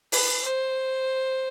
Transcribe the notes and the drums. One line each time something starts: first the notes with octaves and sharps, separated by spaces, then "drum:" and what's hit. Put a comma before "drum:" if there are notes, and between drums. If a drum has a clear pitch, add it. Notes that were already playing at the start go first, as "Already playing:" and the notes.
B4, drum: open hi-hat
C5